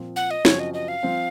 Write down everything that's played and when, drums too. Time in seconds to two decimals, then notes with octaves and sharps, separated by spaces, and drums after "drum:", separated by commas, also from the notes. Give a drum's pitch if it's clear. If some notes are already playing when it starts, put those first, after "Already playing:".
Already playing: A#2 F3 C4
0.16 F#5
0.31 D#5
0.45 F#2 C#3 F3 C4 F#4 C#5, drum: snare
0.59 D#5
0.74 D#5
0.88 F5
1.03 F3 C4